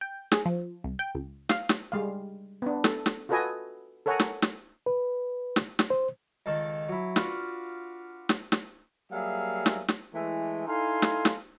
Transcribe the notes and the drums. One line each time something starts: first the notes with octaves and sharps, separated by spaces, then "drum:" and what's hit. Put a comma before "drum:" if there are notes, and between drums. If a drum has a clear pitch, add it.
G5
G#4, drum: snare
F3
C2
G5
C#2
F5, drum: snare
drum: snare
G3 G#3 F5
B3 D4
A4, drum: snare
drum: snare
F4 F#4 A4 B4 D#5 G#5
A4 A#4 C#5 F#5 G#5 A#5
drum: snare
drum: snare
B4
drum: snare
drum: snare
C5
C#2 D#3 A4 A5
F#3 E4
D4 F4 F#4 B4, drum: snare
drum: snare
drum: snare
F#3 G3 A#3 G#4 E5 F5
drum: snare
drum: snare
E3 G#3 A3
D#4 E4 A4 F5 G#5 C6
drum: snare
drum: snare